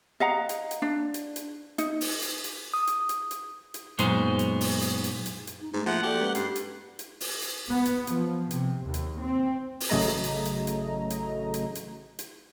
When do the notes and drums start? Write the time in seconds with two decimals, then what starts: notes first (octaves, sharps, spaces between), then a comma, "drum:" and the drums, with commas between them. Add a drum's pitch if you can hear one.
0.20 D#5 F5 F#5 A#5
0.49 drum: hi-hat
0.71 drum: hi-hat
0.82 D4
1.14 drum: hi-hat
1.36 drum: hi-hat
1.78 D#4, drum: hi-hat
2.01 drum: open hi-hat
2.22 drum: hi-hat
2.44 drum: hi-hat
2.74 D#6
2.87 drum: hi-hat
3.09 drum: hi-hat
3.31 drum: hi-hat
3.74 drum: hi-hat
3.99 F#2 A#2 G#3 B3 D#4 C5, drum: hi-hat
4.39 drum: hi-hat
4.61 drum: open hi-hat
4.82 drum: hi-hat
5.04 drum: hi-hat
5.26 drum: hi-hat
5.47 drum: hi-hat
5.61 D#4
5.73 G#2 A3
5.86 F3 A#3 E5 F#5
6.03 F#4 G4 A4 D5
6.20 G#3 C#4 B4
6.35 G2 G4 C7, drum: hi-hat
6.56 drum: hi-hat
6.99 drum: hi-hat
7.21 drum: open hi-hat
7.42 drum: hi-hat
7.68 B3
7.85 drum: hi-hat
8.07 F3, drum: hi-hat
8.51 C3, drum: hi-hat
8.84 D#2
8.94 drum: hi-hat
9.21 C4
9.80 drum: open hi-hat
9.90 A1 C#3 F#3 A3 D#5 A#5
10.02 drum: hi-hat
10.24 drum: hi-hat
10.45 drum: hi-hat
10.67 drum: hi-hat
11.10 drum: hi-hat
11.54 drum: hi-hat
11.75 drum: hi-hat
12.19 drum: hi-hat